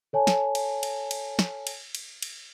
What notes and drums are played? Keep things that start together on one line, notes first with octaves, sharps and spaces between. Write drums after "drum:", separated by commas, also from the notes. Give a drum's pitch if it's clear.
A4 C#5 G#5 A5
drum: snare
drum: cymbal
drum: cymbal
drum: cymbal
drum: snare
drum: cymbal
drum: cymbal
drum: cymbal